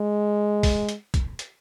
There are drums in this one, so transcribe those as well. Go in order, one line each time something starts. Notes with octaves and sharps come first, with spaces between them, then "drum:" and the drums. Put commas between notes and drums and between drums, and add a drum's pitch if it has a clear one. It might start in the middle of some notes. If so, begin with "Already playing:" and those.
Already playing: G#3
drum: kick, open hi-hat
drum: hi-hat
drum: kick, hi-hat
drum: hi-hat